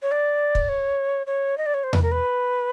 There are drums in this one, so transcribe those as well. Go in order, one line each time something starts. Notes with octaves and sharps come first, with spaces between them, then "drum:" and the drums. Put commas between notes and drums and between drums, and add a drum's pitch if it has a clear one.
C#5
D5
drum: kick
C#5
C#5
D#5
D5
C#5
C5
B4, drum: tom E2
A#4
B4